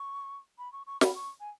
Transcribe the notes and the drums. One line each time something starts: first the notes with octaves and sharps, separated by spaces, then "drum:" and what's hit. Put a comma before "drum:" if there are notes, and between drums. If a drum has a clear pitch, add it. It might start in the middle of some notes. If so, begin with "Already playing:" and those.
Already playing: C#6
B5
C#6
C#6
B5, drum: snare
C#6
G#5